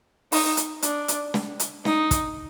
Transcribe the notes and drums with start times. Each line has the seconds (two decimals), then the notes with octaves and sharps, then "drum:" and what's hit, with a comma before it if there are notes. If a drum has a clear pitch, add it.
0.32 D#4, drum: open hi-hat
0.57 drum: hi-hat
0.82 D4, drum: hi-hat
1.08 drum: hi-hat
1.34 drum: snare
1.60 drum: hi-hat
1.85 D#4, drum: snare
2.11 drum: kick, hi-hat